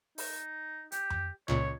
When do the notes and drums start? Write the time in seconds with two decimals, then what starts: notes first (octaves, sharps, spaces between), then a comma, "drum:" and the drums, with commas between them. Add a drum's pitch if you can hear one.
0.18 D#4, drum: open hi-hat
0.92 G4, drum: hi-hat
1.10 drum: tom F2
1.48 C#2 A#2 C#5